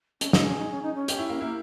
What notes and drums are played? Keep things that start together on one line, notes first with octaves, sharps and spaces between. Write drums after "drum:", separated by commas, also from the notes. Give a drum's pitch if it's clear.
C#4, drum: hi-hat
D#4, drum: snare
C#4 G#4
D#4
C#4
D#4
C#4
G4, drum: hi-hat
E4
A#3
A#3 E4